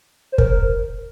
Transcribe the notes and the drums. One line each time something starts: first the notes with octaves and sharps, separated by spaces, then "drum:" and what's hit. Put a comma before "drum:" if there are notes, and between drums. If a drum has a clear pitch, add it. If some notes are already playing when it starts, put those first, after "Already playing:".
C5
A#4, drum: kick